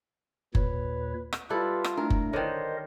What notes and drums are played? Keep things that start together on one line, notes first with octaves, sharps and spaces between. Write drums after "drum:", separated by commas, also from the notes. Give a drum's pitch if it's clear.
D#2 A#2 B4 C#5, drum: kick F#1
drum: rim click
G3 E4 F4 G4 A4 B4
drum: rim click
A3 D4 E4 A#4
drum: kick F#1
D3 D#3 A#4 C5 C#5 D#5 G5